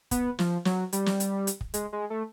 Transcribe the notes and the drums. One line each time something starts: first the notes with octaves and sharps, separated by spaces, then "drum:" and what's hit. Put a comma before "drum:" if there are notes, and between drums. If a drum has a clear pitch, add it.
B3, drum: kick, hi-hat
F3, drum: snare
F#3, drum: snare
G3, drum: hi-hat
drum: snare
drum: hi-hat
drum: hi-hat
drum: kick
G#3, drum: hi-hat
G#3
A3